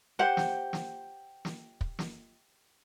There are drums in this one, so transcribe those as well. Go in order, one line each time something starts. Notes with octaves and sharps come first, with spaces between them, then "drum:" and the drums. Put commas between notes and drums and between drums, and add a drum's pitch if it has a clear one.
G4 C5 F#5
drum: snare
drum: snare
drum: snare
drum: kick
drum: snare